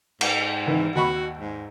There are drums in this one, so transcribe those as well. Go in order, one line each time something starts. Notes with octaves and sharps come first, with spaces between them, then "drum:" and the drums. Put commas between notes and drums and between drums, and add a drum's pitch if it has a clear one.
G#2, drum: cymbal
D#3 E3
D#2 F#4 B5 C#6
G#2